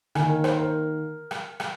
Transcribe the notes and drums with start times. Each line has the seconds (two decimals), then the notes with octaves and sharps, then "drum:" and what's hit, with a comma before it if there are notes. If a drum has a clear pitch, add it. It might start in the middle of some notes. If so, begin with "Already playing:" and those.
0.15 D#3 A#3 D#4 G#5, drum: rim click
0.29 A#4
0.44 C5, drum: rim click
0.59 A#4
1.31 drum: rim click
1.60 drum: rim click